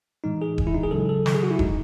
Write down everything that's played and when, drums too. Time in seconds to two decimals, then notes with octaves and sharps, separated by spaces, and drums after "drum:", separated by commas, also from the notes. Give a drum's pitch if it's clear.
0.24 A2 E3 G#3 D#4
0.42 G#4
0.58 drum: kick D#1
0.67 E4
0.74 D#4
0.83 G#4
0.91 C#3 F#3 A4
1.09 A4
1.26 A4, drum: snare
1.34 G#4
1.43 F#4
1.51 E4
1.59 A2 G#3 D#4, drum: kick D#1